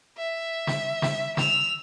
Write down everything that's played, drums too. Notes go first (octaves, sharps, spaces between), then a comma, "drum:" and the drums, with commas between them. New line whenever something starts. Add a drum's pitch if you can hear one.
E5
drum: snare
drum: snare
E6 F7, drum: snare